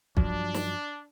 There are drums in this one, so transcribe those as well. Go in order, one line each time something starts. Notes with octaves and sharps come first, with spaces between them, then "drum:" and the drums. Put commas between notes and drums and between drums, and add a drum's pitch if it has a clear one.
G2 F3 F#3 D4, drum: kick B1
drum: snare